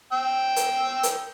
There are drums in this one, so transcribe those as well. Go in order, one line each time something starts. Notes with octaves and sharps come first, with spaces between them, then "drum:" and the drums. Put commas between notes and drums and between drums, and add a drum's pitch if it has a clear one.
G5 E6
drum: hi-hat
drum: hi-hat